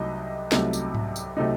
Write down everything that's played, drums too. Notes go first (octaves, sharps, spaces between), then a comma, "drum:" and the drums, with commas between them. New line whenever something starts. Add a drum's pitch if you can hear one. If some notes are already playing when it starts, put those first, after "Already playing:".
Already playing: C2 C3 F#3 A3 D#4 D#5
C2 C3 F#3 A3 D#4, drum: snare
drum: tambourine
drum: tom G#2
drum: tambourine
C3 F#3 A3 D#4